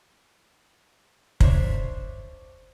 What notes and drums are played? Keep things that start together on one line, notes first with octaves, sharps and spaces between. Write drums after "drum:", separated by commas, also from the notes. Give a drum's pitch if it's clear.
D4 C5 C#5 E5, drum: kick